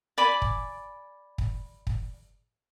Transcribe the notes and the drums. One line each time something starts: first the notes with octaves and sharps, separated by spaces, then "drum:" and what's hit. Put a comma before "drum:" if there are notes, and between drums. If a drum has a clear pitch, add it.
D5 G#5 B5 D6
drum: kick
drum: kick
drum: kick